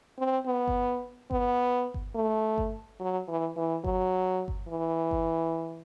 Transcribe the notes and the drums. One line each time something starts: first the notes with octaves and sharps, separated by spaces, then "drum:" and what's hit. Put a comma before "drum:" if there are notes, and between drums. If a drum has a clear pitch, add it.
C4
B3
drum: kick G1
B3, drum: kick G1
drum: kick G1
A3
drum: kick G1
F#3
E3
E3
F#3, drum: kick G1
drum: kick G1
E3
drum: kick G1